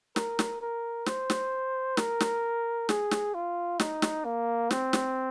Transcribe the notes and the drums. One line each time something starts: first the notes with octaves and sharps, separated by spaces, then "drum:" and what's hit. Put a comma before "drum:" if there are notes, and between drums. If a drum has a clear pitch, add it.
A#4, drum: snare
drum: snare
A#4
C5, drum: snare
drum: snare
A#4, drum: snare
drum: snare
G#4, drum: snare
drum: snare
F4
D#4, drum: snare
drum: snare
A#3
C4, drum: snare
drum: snare